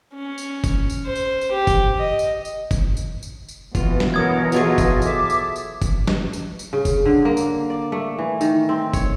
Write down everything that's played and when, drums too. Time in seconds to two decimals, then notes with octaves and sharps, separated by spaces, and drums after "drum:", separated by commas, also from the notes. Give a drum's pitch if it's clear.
0.13 C#4
0.38 drum: tambourine
0.64 drum: kick, tambourine
0.90 drum: tambourine
1.05 C5
1.15 drum: tambourine
1.41 drum: tambourine
1.51 G4
1.67 drum: kick, tambourine
1.97 D#5
2.19 drum: tambourine
2.45 drum: tambourine
2.71 drum: kick, tambourine
2.97 drum: tambourine
3.23 drum: tambourine
3.49 drum: tambourine
3.75 B2 E3 F4, drum: kick, tambourine
4.00 drum: snare
4.14 A#4 C#5 F#5 D#6 G#6
4.52 F#3 F4 G#4 A4 D#5, drum: tambourine
4.78 drum: kick, tambourine
5.02 A4 E5 D6, drum: tambourine
5.30 drum: tambourine
5.56 drum: tambourine
5.82 drum: kick, tambourine
6.07 drum: snare
6.33 drum: tambourine
6.59 drum: tambourine
6.73 C#3
6.85 drum: kick, tambourine
7.06 D3
7.25 A#3
7.37 drum: tambourine
7.70 D5
7.92 A3
8.18 E3
8.41 D#3, drum: tambourine
8.69 C4
8.94 C#5, drum: kick, tambourine